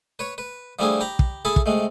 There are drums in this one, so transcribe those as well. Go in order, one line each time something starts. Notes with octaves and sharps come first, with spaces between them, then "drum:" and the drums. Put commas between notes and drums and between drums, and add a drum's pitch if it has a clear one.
B4 C#5
B4
F3 G3 A3 D4 E4 G#4
G4 A#5 B5
drum: kick
E4 G#4 A4 E5 A5 B5
drum: kick
C3 G#3 A3